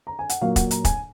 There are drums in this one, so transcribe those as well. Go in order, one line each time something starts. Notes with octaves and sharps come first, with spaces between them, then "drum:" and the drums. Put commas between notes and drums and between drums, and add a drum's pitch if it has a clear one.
A#5
G#5
F#5, drum: hi-hat
A#2 F#3 A#3 F5
F#5, drum: kick, hi-hat
A#5, drum: hi-hat
G#5, drum: kick, hi-hat